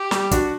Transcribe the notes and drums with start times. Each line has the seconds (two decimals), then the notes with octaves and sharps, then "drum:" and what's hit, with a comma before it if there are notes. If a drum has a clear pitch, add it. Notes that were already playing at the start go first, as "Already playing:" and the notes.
Already playing: G4
0.11 G3, drum: snare
0.31 D4 F#4, drum: kick, hi-hat